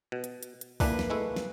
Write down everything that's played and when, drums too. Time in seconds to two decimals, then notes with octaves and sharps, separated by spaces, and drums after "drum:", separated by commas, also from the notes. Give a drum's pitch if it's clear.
0.12 B2
0.24 drum: hi-hat
0.43 drum: hi-hat
0.61 drum: hi-hat
0.80 A#1 E3 A#3 D4 B4, drum: kick, open hi-hat
0.99 drum: snare
1.10 G#3 A3 E4
1.36 drum: snare